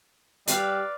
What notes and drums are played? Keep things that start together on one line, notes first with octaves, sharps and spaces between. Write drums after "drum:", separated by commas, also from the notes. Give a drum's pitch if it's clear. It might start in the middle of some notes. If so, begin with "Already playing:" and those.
G3 B4 D5 F5, drum: hi-hat